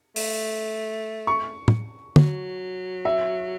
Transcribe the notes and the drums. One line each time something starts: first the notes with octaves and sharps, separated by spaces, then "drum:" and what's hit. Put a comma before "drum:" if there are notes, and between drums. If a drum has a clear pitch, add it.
A3, drum: open hi-hat
C#6
drum: tom
F#3, drum: tom
E5